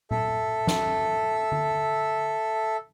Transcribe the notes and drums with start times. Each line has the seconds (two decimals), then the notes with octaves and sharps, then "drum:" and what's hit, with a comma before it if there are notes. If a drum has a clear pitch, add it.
0.11 A4 E5, drum: tom A#2
0.67 drum: snare
1.52 drum: tom D3